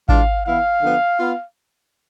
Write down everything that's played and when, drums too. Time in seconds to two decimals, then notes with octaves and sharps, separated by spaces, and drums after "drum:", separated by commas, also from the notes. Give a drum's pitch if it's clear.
0.09 E3 G#3 D4 F4 F5, drum: kick G#1
0.46 E3 B3 E4 F5
0.82 D3 F3 B3
1.19 B3 F4